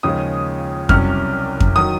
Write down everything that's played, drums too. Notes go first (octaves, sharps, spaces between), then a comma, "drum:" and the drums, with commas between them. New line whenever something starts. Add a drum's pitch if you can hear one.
D#2 C#3 F3 G#3 D#6
C2 C3 F#3 C#4 F6, drum: kick F2
drum: kick F2
D#3 F#3 D#6